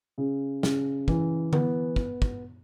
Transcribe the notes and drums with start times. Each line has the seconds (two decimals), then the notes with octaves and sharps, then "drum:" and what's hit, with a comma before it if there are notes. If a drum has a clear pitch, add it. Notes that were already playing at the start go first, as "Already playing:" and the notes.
0.18 C#3
0.63 C#3, drum: snare
1.08 E3, drum: kick
1.53 B3, drum: tom D3
1.96 drum: kick
2.22 drum: kick